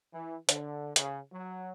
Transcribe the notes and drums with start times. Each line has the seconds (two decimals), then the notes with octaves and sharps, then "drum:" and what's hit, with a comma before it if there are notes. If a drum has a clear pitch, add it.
0.14 E3
0.49 D3, drum: hi-hat
0.96 C#3, drum: hi-hat
1.32 F#3